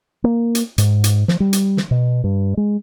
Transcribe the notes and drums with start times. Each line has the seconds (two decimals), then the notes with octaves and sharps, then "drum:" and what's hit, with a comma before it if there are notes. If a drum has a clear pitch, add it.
0.24 A#3
0.55 drum: hi-hat
0.78 G#2, drum: hi-hat
1.04 drum: hi-hat
1.28 F3, drum: snare
1.40 G3
1.53 drum: hi-hat
1.77 drum: snare
1.91 B2
2.24 G2
2.57 G#3